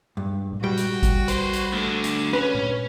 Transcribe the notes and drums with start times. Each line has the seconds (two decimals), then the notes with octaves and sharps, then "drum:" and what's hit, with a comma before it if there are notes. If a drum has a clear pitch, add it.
0.17 G2
0.52 drum: tom A#2
0.64 G3 F#4 G5
0.77 drum: hi-hat
1.03 drum: kick, hi-hat
1.28 B4 C5, drum: hi-hat
1.53 drum: hi-hat
1.72 D2 D3
2.04 drum: hi-hat
2.33 C#4 B4
2.54 drum: tom A#2